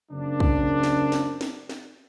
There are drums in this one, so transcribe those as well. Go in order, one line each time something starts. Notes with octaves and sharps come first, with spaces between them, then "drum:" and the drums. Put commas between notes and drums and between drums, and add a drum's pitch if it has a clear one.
F#2 C#3 A#3 C4 D4
drum: kick
drum: snare
drum: snare
drum: snare
drum: snare